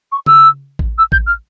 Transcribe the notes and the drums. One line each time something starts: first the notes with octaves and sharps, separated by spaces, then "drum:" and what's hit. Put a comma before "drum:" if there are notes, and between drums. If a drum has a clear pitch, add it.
C#6
E6, drum: tom C#3
drum: kick A1
E6
G6, drum: kick A1
F6